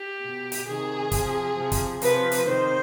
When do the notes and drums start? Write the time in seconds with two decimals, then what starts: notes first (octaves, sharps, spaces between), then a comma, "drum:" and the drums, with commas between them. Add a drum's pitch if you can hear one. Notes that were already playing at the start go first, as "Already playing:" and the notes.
Already playing: G4
0.22 B2
0.52 drum: hi-hat
0.67 C3 D#3 G#4
1.12 C3 F3, drum: kick, hi-hat
1.57 C3 F3
1.72 drum: kick, hi-hat
2.02 C3 F3 B4, drum: hi-hat
2.32 drum: hi-hat
2.47 C3 D#3 C5